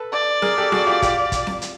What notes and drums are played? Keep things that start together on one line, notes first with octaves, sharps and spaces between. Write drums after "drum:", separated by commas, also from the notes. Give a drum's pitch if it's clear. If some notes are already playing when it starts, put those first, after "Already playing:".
Already playing: A4 B4
D5
G#4 A#4, drum: snare C4
G4 A4
F#4 G#4, drum: snare C4
F4 G4
F4 G4, drum: kick, hi-hat
drum: kick, hi-hat
drum: snare C4
drum: hi-hat